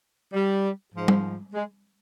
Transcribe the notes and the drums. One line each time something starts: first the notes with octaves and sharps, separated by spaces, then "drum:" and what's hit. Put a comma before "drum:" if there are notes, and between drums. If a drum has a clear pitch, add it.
G3
G#2 F3
drum: tom
G#3